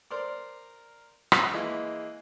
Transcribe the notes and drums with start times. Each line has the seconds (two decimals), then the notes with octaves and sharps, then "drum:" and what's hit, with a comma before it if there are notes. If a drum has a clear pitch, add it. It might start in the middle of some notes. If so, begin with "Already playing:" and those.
0.10 A#4 C5 D5
1.32 drum: rim click
1.53 E3 G#3 A#3 E4